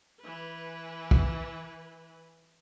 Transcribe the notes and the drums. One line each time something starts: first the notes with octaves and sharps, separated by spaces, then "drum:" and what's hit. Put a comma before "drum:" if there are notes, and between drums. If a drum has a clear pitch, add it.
E3 B4
drum: kick